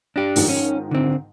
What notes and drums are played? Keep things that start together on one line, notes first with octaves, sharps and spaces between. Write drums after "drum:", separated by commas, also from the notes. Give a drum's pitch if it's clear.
D4 G4 A#6
G#2 D#3 F3, drum: open hi-hat
C#4
D3 C4